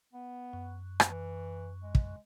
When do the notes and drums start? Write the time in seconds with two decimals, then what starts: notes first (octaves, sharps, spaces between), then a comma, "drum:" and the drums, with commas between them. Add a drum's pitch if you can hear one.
0.13 B3
0.53 F#2
1.00 drum: rim click
1.09 E3
1.83 G#3
1.95 drum: kick